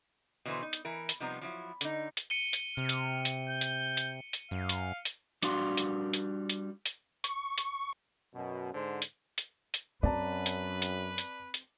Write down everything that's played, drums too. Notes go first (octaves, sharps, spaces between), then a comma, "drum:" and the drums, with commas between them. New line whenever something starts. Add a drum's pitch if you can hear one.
B2 D3 E3 E4 B4 C5
D#4
drum: hi-hat
E3 E4 A#4
drum: hi-hat
C3 F3 G3 B3 D#4 A#5
F3 F#3 E4
D3 D#4, drum: hi-hat
drum: hi-hat
C#7 D#7 G7
drum: hi-hat
C3 F6
drum: hi-hat
drum: hi-hat
G6
drum: hi-hat
drum: hi-hat
drum: hi-hat
F#2 F5
drum: hi-hat
drum: hi-hat
G3 D4 F#4 F5 C6, drum: hi-hat
drum: hi-hat
drum: hi-hat
drum: hi-hat
drum: hi-hat
C#6, drum: hi-hat
drum: hi-hat
F#2 B2
G#2 D3 C5
drum: hi-hat
drum: hi-hat
drum: hi-hat
F#2 C4 B4 D5 A5 A#5
drum: hi-hat
drum: hi-hat
drum: hi-hat
drum: hi-hat